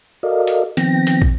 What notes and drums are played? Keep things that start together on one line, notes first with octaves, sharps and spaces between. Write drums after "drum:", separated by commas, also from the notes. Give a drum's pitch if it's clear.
F#4 A4 A#4 D5 D#5 F5
drum: hi-hat
D#3 F3 B3 C4 G5 A#6, drum: hi-hat
drum: hi-hat
drum: kick